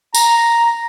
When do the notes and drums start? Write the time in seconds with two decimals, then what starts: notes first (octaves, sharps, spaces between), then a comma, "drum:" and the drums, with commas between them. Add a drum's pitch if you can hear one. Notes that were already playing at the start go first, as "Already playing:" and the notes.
0.15 A#5, drum: tambourine